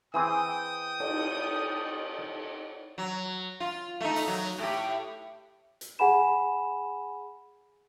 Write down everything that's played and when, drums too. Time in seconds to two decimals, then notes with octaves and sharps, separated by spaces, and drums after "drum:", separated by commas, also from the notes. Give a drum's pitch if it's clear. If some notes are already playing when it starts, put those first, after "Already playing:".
0.14 E3 C4 G#4 G5 D#6
1.00 drum: cymbal
2.98 F#3
3.60 F4
4.01 A3 D#4
4.16 drum: open hi-hat
4.28 F#3
4.58 A2 G4
5.81 drum: hi-hat
5.99 G#4 F#5 G#5 B5 E7